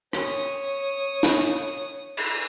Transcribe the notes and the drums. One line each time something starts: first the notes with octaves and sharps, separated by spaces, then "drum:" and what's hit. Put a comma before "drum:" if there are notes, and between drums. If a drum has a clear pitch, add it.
C#5 D#6, drum: rim click
drum: snare
drum: cymbal